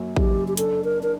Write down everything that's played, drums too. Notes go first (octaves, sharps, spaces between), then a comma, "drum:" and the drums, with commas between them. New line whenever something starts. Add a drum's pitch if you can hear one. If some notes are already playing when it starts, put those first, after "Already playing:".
Already playing: F#2 F#3 A#3
F#1 G4, drum: kick A1
G4
D4 A4, drum: hi-hat
A#4
D4 A#4